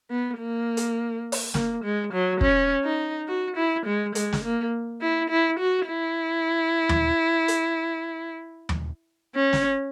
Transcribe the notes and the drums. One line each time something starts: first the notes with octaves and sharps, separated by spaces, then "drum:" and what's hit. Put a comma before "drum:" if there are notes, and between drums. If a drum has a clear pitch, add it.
B3
A#3
drum: hi-hat
drum: open hi-hat
A#3, drum: snare
G#3
F#3
C#4, drum: kick
D#4
F#4
E4
G#3
G#3, drum: hi-hat
drum: snare
A#3
E4
E4
F#4
E4
drum: tom D#2
drum: hi-hat
drum: tom D#2
C#4
drum: snare